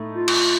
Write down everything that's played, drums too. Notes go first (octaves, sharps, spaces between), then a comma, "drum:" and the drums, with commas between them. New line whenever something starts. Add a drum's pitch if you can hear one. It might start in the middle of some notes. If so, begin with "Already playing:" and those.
Already playing: A2 A3 D#4
F4
drum: cymbal